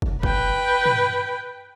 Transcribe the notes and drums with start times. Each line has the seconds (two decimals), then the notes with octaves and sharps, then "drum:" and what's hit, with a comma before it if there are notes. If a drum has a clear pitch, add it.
0.02 drum: kick
0.23 B4 G5, drum: kick
0.86 drum: tom